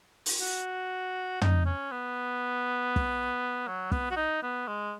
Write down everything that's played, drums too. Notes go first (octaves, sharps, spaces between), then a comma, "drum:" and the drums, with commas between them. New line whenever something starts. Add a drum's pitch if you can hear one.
drum: open hi-hat
F#4
D#4, drum: tom
C#4
B3
drum: kick
F#3
B3, drum: kick
F#4
D#4
B3
G#3